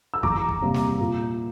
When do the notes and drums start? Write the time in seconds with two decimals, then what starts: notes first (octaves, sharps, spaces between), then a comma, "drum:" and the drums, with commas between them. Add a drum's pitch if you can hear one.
0.14 E6
0.23 E2 A#5 D6, drum: kick
0.49 drum: kick
0.62 C3 G3 A#3
0.74 drum: snare
1.00 A#2